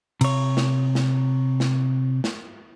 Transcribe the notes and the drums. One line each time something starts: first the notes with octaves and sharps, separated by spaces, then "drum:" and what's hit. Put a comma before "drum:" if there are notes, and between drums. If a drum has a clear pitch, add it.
C3 C#5, drum: cymbal
drum: snare
drum: snare
drum: snare
drum: snare